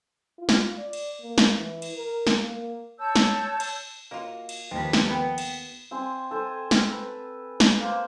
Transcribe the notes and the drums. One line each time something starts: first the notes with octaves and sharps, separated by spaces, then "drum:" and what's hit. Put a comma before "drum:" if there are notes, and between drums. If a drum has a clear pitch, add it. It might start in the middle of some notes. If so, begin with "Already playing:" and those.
F4
drum: snare
D5
drum: cymbal
A#3
drum: snare
E3
drum: cymbal
A#4
drum: snare
A#3
C#5 A5 E6 G6
drum: snare
drum: cymbal
A#3 F4 F#4 D#5 F5
drum: cymbal
D#2 F3 C4 B4
drum: snare
B3 A4 B4 G5
drum: cymbal
C4 G#5 C6
A4 C5 G#5
drum: snare
B4
drum: snare
A#3 C5